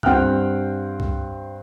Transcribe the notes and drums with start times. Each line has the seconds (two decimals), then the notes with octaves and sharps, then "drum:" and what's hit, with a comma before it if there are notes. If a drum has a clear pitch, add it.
0.03 G2 C4 F#5 G5 F6 F#6, drum: kick C#2
1.00 drum: kick C#2